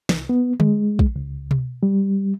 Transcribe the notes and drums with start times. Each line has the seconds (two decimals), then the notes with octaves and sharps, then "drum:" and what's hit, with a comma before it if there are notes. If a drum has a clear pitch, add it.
0.09 C2, drum: snare
0.29 B3
0.60 G#3, drum: tom D3
0.99 drum: kick
1.16 C#2
1.51 drum: tom B2
1.83 G3